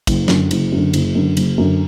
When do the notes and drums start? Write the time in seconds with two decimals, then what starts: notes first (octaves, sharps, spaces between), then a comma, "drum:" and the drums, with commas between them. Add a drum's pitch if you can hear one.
0.07 F#1, drum: kick, cymbal
0.28 F#2 D3, drum: snare
0.51 F#1, drum: cymbal
0.72 F#2 D3
0.93 F#1, drum: cymbal
1.15 F#2 D3
1.37 F#1, drum: cymbal
1.58 F#2 D3